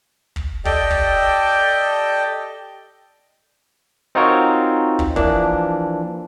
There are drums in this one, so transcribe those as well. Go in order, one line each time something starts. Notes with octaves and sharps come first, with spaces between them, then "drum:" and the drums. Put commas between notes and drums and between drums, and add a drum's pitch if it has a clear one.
drum: kick
G4 A4 D5 D#5 G5, drum: kick
drum: kick
C4 D#4 F4 F#4 A#4 C#5
drum: kick
E3 F3 A#3 D4, drum: kick